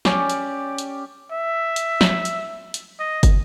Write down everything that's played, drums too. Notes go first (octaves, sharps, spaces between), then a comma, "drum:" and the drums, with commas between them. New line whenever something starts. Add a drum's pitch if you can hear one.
C#4 G4 D5, drum: snare
drum: hi-hat
drum: hi-hat
E5
drum: hi-hat
drum: snare
drum: hi-hat
drum: hi-hat
D#5
drum: kick, hi-hat